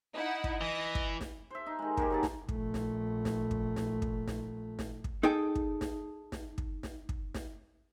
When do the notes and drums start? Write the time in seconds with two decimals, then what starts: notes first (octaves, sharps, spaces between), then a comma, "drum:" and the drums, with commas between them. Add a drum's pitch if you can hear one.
0.15 D#4 E4 D#5 F#5
0.44 drum: kick
0.61 E3 A#6
0.95 drum: kick
1.21 drum: snare
1.50 C5 E5
1.66 D#4
1.79 D#3 G#3
1.97 D#3 A#3 G4, drum: kick
2.10 F#3 G#4 A5
2.23 drum: snare
2.49 A#1 A3, drum: kick
2.74 drum: snare
3.25 drum: snare
3.51 drum: kick
3.76 drum: snare
4.02 drum: kick
4.28 drum: snare
4.79 drum: snare
5.04 drum: kick
5.23 D#4 G#4 A4 G5
5.55 drum: kick
5.81 drum: snare
6.32 drum: snare
6.58 drum: kick
6.83 drum: snare
7.09 drum: kick
7.34 drum: snare